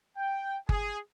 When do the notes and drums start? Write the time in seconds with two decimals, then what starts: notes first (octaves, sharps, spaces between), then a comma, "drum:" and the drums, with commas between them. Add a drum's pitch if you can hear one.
0.17 G5
0.69 G#4, drum: kick G1